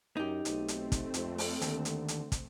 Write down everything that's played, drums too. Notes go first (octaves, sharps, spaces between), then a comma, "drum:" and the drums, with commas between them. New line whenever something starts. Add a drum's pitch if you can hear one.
F#2 D#4 G4
B1 A3 C4, drum: hi-hat
drum: hi-hat
drum: kick, hi-hat
F2, drum: hi-hat
drum: open hi-hat
D#2 D3, drum: hi-hat
drum: hi-hat
drum: hi-hat
drum: kick, hi-hat